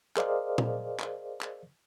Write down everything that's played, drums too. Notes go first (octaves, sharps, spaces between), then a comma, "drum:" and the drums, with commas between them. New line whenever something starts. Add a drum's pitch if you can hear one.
G#4 A#4 C5 D5 D#5 F5, drum: clap
drum: tom
drum: clap
drum: clap